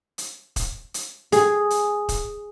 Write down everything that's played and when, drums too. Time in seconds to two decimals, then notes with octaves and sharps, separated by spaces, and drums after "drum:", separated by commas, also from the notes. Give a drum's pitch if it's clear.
0.18 drum: hi-hat
0.56 drum: kick E1, hi-hat
0.94 drum: hi-hat
1.32 G#4, drum: hi-hat
1.70 drum: hi-hat
2.09 drum: kick E1, hi-hat